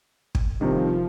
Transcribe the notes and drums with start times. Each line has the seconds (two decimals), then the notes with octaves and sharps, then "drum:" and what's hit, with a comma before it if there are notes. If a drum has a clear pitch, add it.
0.35 drum: kick
0.61 C3 D#3 F3 G3